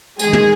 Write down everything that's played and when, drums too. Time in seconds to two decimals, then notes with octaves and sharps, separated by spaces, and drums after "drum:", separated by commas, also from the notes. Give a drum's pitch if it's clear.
0.19 D#3 G#3 G#4, drum: tambourine
0.33 drum: tom